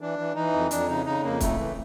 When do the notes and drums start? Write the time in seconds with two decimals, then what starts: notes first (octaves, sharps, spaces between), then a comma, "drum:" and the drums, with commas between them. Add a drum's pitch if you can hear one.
0.01 E3 D4
0.19 E3
0.36 E3 D#4
0.54 F2
0.71 F2 D4, drum: hi-hat
0.89 C#3 D#4
1.06 C#3 D#4
1.23 F2 A#3
1.40 A2 A3, drum: kick, hi-hat
1.58 E3